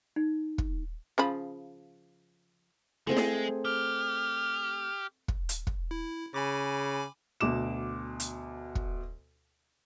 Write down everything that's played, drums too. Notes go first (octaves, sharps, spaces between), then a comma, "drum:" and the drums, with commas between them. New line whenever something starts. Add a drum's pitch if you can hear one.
D#4
drum: kick
C#3 F3 B5
G#3 A3 C4 G#4
drum: snare
G4 F6
drum: kick
drum: hi-hat
drum: kick
E4
C#3 G#5 B5 D6
D2 B2 D6 E7
drum: hi-hat
drum: kick